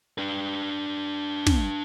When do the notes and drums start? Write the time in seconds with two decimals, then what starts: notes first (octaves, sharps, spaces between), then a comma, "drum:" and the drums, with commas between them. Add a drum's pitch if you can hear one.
0.18 D4 B4
1.47 drum: snare